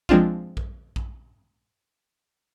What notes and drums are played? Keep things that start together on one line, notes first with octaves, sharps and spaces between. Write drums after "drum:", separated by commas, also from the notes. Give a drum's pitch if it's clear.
F3 G#3 C4 D4 F4, drum: kick A#1
drum: kick A#1
drum: kick A#1